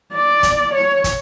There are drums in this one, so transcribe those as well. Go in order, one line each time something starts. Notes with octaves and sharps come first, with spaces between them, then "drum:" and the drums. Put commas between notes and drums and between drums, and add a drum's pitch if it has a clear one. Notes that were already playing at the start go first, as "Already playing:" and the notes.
D5
drum: kick, hi-hat
C#5
drum: kick, hi-hat